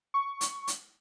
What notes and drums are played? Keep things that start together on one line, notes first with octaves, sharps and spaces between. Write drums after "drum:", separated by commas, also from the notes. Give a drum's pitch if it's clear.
C#6
drum: hi-hat
drum: hi-hat